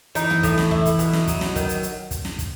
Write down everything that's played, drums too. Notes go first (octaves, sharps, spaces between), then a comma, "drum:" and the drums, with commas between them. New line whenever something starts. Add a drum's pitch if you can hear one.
E3 D#4, drum: hi-hat
drum: tom
A2, drum: kick, hi-hat
drum: snare
E4, drum: kick
drum: kick, hi-hat
B2, drum: hi-hat
drum: snare
F#3 D#4, drum: kick, hi-hat
drum: snare
D#3, drum: kick, hi-hat
drum: hi-hat
drum: hi-hat
drum: kick, hi-hat
drum: snare
drum: kick, hi-hat